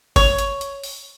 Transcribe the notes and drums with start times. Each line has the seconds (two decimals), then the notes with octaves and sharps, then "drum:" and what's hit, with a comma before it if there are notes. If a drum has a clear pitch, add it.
0.16 C#5, drum: kick, open hi-hat
0.39 drum: hi-hat
0.61 drum: hi-hat
0.84 drum: open hi-hat